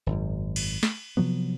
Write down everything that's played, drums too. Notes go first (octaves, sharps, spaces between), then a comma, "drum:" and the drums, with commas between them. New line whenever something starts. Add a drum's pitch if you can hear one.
G#1 F#2
drum: cymbal
drum: snare
C3 F3 F#3 B3